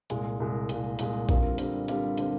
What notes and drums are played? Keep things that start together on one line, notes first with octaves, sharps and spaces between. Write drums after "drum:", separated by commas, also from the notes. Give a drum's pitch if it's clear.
C2 A#2 G#3, drum: hi-hat
C2 A#2 G#3
C2 A#2 G#3, drum: hi-hat
C2 A#2 G#3, drum: hi-hat
D3 G3 C4 F4 A#4, drum: kick A#1, hi-hat
D3 G3 C4 F4 A#4, drum: hi-hat
D3 G3 C4 F4 A#4, drum: hi-hat
D3 G3 C4 F4 A#4, drum: hi-hat